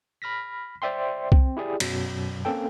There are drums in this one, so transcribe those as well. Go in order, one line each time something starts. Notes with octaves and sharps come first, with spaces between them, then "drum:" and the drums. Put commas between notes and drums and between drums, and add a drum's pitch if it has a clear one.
B5 F6 A#6 B6
C5 D5 E5 G5 C6
C4, drum: kick C2
E4 G4 G#4 D5
F#2 B2 F#3, drum: cymbal
A#3 C4 C#4 A4 G5